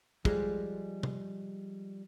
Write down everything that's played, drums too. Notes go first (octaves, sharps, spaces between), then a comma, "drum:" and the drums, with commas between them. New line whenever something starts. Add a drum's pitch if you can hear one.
F3 G3 G#3, drum: kick
drum: tom